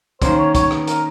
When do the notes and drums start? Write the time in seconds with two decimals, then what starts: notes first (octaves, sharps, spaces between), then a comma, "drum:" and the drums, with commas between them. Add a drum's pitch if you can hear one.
0.22 D#3 A#3 C#4 C5, drum: kick, hi-hat
0.38 C#5
0.55 C#5, drum: kick, hi-hat
0.71 drum: rim click
0.88 A#4, drum: hi-hat